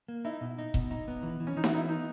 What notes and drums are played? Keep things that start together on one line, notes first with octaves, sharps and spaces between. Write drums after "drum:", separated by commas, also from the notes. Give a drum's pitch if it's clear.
A#3
D#4 E4
B2
D#4
B2, drum: kick F1
D#4
B3
E3
E3
C#4
E3 D#4
F#4, drum: snare D#4
E4
B3 D#4
E4
B3 D#4